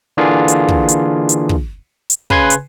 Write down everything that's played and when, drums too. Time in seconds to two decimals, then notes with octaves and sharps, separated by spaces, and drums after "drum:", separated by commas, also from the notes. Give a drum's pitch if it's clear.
0.17 D3 E3 A#3 D4 F4 G#4
0.48 drum: hi-hat
0.68 drum: kick
0.89 drum: hi-hat
1.29 drum: hi-hat
1.49 drum: kick
2.10 drum: hi-hat
2.30 C#3 B4 G#5 C6 F#6 G#6, drum: kick
2.50 drum: hi-hat